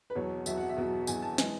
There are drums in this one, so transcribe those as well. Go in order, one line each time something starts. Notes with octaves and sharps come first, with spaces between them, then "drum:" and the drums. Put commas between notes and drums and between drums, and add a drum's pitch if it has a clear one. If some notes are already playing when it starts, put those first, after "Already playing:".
B4
E2 B2 F#3 C#5
E2 B2 F#3 E5, drum: tambourine
F#5
E5
E2 B2 F#3
E2 B2 F#3 G#5, drum: tambourine
A5
E3 G#3 G#5, drum: snare